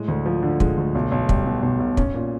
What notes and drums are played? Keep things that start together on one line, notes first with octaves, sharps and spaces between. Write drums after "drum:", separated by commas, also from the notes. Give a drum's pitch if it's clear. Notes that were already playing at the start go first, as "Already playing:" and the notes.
Already playing: A2 G#3
D2
F3
D3
G#3, drum: kick
D2
B1
B1
G3, drum: kick
B2
B1
B1
C#4, drum: kick
A#2